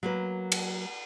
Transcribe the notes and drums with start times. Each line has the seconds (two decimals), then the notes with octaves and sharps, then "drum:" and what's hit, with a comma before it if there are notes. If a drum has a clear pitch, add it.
0.03 F#3 A#3 B4
0.52 drum: cymbal